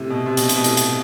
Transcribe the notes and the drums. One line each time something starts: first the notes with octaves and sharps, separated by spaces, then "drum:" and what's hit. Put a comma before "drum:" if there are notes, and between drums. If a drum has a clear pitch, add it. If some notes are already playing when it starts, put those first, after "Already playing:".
Already playing: A2 C3
B2
C3
B2, drum: hi-hat
C3, drum: hi-hat
B2
A2, drum: hi-hat
drum: hi-hat